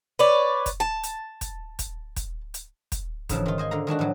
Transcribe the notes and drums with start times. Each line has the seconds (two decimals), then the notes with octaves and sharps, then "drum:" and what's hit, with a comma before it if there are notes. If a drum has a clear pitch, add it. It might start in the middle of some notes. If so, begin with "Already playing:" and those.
0.19 B4 C#5 D5
0.66 drum: kick, hi-hat
0.80 A5
1.04 drum: hi-hat
1.41 drum: kick, hi-hat
1.79 drum: kick, hi-hat
2.16 drum: kick, hi-hat
2.54 drum: hi-hat
2.92 drum: kick, hi-hat
3.29 G#2 C#3 E3 F3, drum: kick, hi-hat
3.46 D#3 F4
3.58 C5 D#5 G#5
3.71 D3 F5 A#5
3.87 D#3 G#3 D4 F#4
3.99 A2 F3 F#3